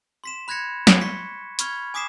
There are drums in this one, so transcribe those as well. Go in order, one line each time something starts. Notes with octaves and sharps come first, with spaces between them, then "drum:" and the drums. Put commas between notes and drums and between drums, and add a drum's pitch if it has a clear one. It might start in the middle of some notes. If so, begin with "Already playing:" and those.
C6 B6 E7
B5 F#6 G#6 A#6 C#7
drum: snare
C#6 B6 C#7
B5 C#6 F6 G#6, drum: hi-hat
G#5 D6 D#6 B6 C7 E7